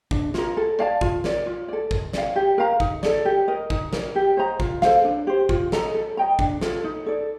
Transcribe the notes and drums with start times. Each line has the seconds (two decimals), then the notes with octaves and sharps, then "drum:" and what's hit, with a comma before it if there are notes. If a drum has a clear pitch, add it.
0.11 D4, drum: kick
0.34 F4 A#4, drum: snare
0.57 A4
0.79 D5 F5 A5
1.01 F4, drum: kick
1.24 A#4 D5, drum: snare
1.46 F4
1.68 A4 D5
1.91 A#4, drum: kick
2.13 D5 F5, drum: snare
2.36 G4
2.58 A#4 F5 A#5
2.80 D#4, drum: kick
3.03 A4 D5, drum: snare
3.25 G4
3.48 A#4 D#5
3.70 D#4, drum: kick
3.93 A#4 D5, drum: snare
4.15 G4
4.37 C5 D#5 A#5
4.60 F4, drum: kick
4.82 A4 C5 F5, drum: snare
5.05 D4
5.27 G4 C5
5.49 F4, drum: kick
5.72 A4 D#5 A#5, drum: snare
5.94 A4
6.17 D#5 G5 A#5
6.39 D4, drum: kick
6.61 F4 A4, drum: snare
6.84 D#4
7.06 A4 D5